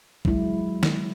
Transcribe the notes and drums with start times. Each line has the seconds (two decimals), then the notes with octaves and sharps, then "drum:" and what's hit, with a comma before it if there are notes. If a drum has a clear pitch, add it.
0.25 F#3 G#3 E4, drum: kick A#1
0.83 drum: snare